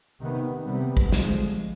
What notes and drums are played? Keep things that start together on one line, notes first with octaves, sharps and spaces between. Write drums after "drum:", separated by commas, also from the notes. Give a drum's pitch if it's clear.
C3 D#3 B3
C3 G3 B3
drum: kick
D3 F3 G#3, drum: snare